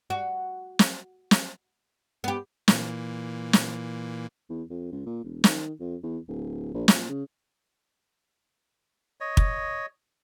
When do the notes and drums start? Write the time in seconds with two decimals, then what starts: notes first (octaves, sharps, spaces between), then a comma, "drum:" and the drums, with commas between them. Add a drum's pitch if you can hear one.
0.10 F#4
0.79 drum: snare
1.31 drum: snare
2.24 B3 G4
2.68 A#2 E3 A#3, drum: snare
3.53 drum: snare
4.50 E2
4.70 F2
4.92 C#2
5.06 A#2
5.24 E1
5.44 D#3, drum: snare
5.80 F2
6.03 E2
6.28 D1
6.74 A#1
6.88 A#2, drum: snare
7.09 C#3
9.21 C#5 D#5
9.37 drum: kick